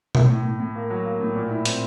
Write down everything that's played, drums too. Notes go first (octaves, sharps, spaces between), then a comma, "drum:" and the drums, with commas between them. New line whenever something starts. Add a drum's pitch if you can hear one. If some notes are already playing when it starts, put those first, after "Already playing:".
A2, drum: tom B2
A2
A2
A2
A#3
F#3
A#3
A2
A#2
E4
C4, drum: hi-hat